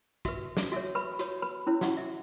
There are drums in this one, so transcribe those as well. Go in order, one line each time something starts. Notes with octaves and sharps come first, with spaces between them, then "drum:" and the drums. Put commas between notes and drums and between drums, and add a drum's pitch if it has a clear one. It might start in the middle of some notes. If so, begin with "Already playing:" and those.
F#4 B4 E5, drum: kick, hi-hat
drum: snare
F#4 C#5 E5
B4 B5
F#4 C#5, drum: hi-hat
B4 B5
C#4 E4 C#5
F#4 F#5, drum: snare
E5